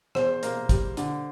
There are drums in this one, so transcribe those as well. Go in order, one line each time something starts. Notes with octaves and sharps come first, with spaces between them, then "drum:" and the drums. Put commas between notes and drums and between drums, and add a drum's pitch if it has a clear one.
E2 C5, drum: rim click
A#3, drum: hi-hat
G3, drum: kick, hi-hat
D3, drum: hi-hat